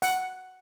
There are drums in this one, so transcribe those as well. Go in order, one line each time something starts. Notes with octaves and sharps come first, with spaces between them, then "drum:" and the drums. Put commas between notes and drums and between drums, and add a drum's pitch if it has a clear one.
F#5, drum: open hi-hat